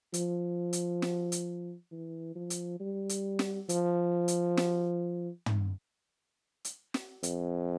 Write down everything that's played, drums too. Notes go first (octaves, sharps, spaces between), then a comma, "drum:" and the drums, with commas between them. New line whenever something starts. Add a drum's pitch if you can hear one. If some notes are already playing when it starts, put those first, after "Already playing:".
F3, drum: hi-hat
drum: hi-hat
drum: snare
drum: hi-hat
E3
F3
drum: hi-hat
G3
drum: hi-hat
drum: snare
F3, drum: hi-hat
drum: hi-hat
drum: snare
drum: tom
drum: hi-hat
drum: snare
F2, drum: hi-hat